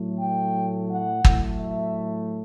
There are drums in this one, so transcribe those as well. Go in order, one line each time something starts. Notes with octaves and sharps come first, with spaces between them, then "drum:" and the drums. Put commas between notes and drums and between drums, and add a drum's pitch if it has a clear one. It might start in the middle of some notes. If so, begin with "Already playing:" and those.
Already playing: A2 F#3 A3
G5
F#5
A2 F#3 A3, drum: kick
E5